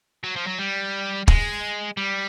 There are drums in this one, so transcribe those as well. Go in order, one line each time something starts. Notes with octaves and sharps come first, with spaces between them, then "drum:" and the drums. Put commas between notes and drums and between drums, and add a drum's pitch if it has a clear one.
F#3
F3
F#3
G3
G#3, drum: kick
G3